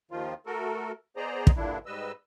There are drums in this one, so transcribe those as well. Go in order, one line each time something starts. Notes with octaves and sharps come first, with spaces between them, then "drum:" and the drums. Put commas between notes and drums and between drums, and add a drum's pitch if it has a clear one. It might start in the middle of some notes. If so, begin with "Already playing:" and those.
D#2 D#3 F3 F4
A3 F#4 A4 A#4
B3 G#4 C5 D5 D#5 A#5
drum: kick
G2 A#2 D3 D4 E4
G#2 G3 B4 D#5 E6